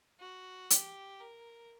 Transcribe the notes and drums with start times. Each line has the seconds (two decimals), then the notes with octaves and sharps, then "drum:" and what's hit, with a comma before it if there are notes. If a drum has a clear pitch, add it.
0.20 F#4
0.70 G4, drum: hi-hat
1.20 A#4